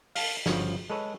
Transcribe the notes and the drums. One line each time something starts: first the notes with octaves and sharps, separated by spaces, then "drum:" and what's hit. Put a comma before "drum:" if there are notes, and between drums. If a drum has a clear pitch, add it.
F5 A5, drum: open hi-hat
G1 C#3 F3 F#4, drum: snare
G#3 A4 B4 C#5